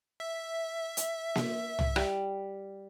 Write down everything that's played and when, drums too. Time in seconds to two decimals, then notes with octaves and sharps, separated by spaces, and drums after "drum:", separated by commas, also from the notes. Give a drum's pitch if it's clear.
0.20 E5
0.97 drum: hi-hat
1.35 drum: snare A#3
1.79 drum: tom C2
1.96 G3, drum: rim click